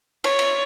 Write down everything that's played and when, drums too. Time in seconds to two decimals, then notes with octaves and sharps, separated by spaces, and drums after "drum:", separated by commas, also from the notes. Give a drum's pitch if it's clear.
0.24 C#5, drum: cymbal
0.39 drum: cymbal